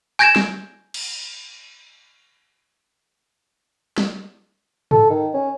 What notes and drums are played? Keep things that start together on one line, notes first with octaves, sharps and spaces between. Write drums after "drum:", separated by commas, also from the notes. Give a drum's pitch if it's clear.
G#5 G6 G#6 A#6 D7 E7
drum: snare
drum: cymbal
drum: snare
A4, drum: tom G#2
D#3
C#4